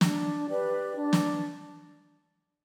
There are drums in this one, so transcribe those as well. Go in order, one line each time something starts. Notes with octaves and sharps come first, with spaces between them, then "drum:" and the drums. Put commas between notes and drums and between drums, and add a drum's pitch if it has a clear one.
D4, drum: snare
G4 B4 D5
D4
drum: snare